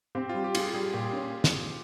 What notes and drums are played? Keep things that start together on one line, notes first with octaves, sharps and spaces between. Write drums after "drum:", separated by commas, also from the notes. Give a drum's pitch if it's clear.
C4 G4
G3 F4
G4
F4 G#4, drum: cymbal
G3 G#4
A#2 G4
C#4
drum: snare